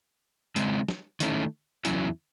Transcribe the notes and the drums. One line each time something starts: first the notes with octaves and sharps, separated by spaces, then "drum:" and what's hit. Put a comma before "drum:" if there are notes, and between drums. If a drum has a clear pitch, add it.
C#3 G#3 C4 E4, drum: hi-hat
drum: snare
D#3 A3 C#4 E4, drum: hi-hat
E2 C#3 F#3 C#4 E4, drum: hi-hat